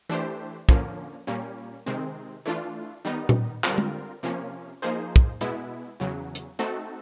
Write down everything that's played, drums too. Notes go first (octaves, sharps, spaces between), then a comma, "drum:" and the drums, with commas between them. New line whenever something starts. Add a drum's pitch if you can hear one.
E3 A3 D4 G4 C5
D3 F3 A#3 C#4, drum: kick
A#2 G3 A#3 C#4
C3 D#3 G#3 C4
E3 A3 D4 F4
D#3 G3 B3 D#4
drum: tom A#2
D3 G3 C4 F4 A#4, drum: clap
drum: tom G#3
C3 F3 A#3 C#4
F3 A#3 D#4 G#4 C5
drum: kick
B2 G#3 B3 E4, drum: hi-hat
E2 C#3 F#3
drum: hi-hat
A3 C4 D#4 F#4 A4